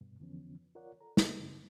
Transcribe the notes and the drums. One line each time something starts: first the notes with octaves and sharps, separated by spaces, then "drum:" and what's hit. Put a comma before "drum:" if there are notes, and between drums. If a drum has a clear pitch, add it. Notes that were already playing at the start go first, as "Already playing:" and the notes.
G2 B2
F2 D3 E3 F3 B3 C#4
F4 A#4 C#5 D5 F#5
A4 A#5
G#4 A4 B4 D#5 E5, drum: snare
F#2 C#3 F#3 C4